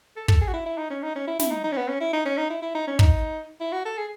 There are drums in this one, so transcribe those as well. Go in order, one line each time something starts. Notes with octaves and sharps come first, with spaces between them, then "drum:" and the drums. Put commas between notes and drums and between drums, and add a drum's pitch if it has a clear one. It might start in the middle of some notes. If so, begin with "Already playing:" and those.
A4
A4, drum: kick
G#4
F#4
E4
E4
D#4
C#4
D#4
C#4
E4
E4, drum: snare
D#4
D#4
C#4
B3
C#4
E4
D#4
C#4
D#4
E4
E4
D#4
C#4
D#4, drum: kick
E4
F#4
A4
G#4